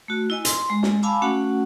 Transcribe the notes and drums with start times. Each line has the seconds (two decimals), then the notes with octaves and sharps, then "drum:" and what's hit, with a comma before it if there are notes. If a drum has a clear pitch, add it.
0.08 A3 F#4
0.30 E4 D#5 G#5
0.45 C6, drum: hi-hat
0.70 G#3
0.83 drum: snare
1.03 F5 G#5 A5 B5 D6 E6
1.22 A3 C#4 F#4 F#5